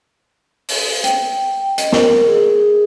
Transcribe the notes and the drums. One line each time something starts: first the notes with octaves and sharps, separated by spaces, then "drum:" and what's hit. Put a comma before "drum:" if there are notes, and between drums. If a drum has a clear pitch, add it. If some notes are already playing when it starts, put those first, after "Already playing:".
drum: open hi-hat
G5, drum: hi-hat
D#5, drum: hi-hat
A#4, drum: snare
G#4